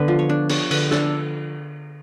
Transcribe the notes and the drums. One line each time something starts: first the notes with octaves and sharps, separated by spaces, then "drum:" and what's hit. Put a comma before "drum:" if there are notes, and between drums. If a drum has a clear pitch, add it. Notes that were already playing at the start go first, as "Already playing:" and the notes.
Already playing: D3 B3 B4
F3
C#5
D4
D4 C#5, drum: cymbal
D3 B4, drum: cymbal
D4 A4, drum: snare